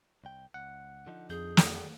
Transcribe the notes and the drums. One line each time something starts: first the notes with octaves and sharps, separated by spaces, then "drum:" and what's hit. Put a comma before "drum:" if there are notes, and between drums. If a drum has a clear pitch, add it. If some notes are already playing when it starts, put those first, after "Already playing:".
C2 G5
C#2 F#5
D3 F3 D#4
F2 G#4 G6
drum: snare
G3 F#4 G4